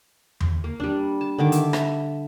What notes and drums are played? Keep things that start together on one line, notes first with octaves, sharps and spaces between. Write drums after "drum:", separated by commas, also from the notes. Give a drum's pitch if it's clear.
drum: tom E2
A#3
G3 D4
A5
D3 D#3 D6
E5, drum: hi-hat
E5, drum: rim click